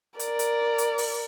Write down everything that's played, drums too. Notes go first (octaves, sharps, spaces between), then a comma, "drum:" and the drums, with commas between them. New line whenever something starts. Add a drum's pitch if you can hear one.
A#4 D5, drum: hi-hat
drum: hi-hat
drum: hi-hat
drum: open hi-hat